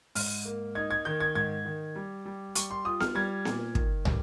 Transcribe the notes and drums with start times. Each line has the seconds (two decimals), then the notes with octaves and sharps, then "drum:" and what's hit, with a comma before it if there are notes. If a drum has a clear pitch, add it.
0.15 G#2 F6, drum: open hi-hat
0.45 A#3
0.75 D#4 G#6
0.91 G#6
1.05 D#3 G6
1.20 G#6
1.35 G#2 G#6
1.65 D#3
1.95 G3
2.25 G3
2.55 G3 C#6, drum: hi-hat
2.71 C6
2.85 F4 D#6
3.00 F6, drum: snare B3
3.15 G3 G#6
3.45 A#2, drum: snare B3
3.75 D#3, drum: kick
4.05 G3, drum: tom